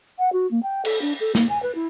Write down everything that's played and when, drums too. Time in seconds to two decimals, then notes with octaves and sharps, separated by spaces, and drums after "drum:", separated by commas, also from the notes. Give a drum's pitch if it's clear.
0.18 F#5
0.32 F#4
0.51 A#3
0.62 G5
0.85 A4, drum: cymbal
1.01 D4
1.20 A4
1.35 A#3, drum: snare
1.49 G#5
1.62 B4
1.75 E4